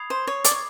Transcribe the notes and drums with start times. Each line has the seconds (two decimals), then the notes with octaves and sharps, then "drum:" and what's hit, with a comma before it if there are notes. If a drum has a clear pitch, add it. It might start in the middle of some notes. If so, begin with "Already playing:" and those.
Already playing: B5 D#6 G#6 C7 F7
0.10 C5
0.27 C#5
0.44 D5, drum: hi-hat
0.51 C#5